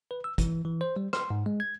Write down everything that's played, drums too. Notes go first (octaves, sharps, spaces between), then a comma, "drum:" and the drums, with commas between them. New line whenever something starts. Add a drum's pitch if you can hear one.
B4
E6
E3, drum: kick, hi-hat
E3
C5
G3
C6, drum: rim click
G#2
G#3
G#6